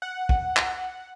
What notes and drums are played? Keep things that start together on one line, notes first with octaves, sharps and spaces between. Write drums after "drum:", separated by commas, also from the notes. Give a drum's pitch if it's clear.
F#5
drum: kick
drum: clap